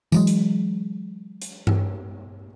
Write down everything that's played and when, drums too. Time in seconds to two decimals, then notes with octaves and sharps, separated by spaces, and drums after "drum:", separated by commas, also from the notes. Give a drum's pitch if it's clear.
0.12 E3 F#3 G#3, drum: tambourine
0.27 drum: hi-hat
1.42 drum: hi-hat
1.67 drum: tom G2